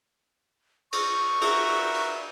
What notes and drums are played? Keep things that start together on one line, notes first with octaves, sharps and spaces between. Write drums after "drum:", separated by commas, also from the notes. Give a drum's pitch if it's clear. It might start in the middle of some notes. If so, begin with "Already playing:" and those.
C#6, drum: cymbal
F#4 A#4 E5, drum: cymbal
drum: open hi-hat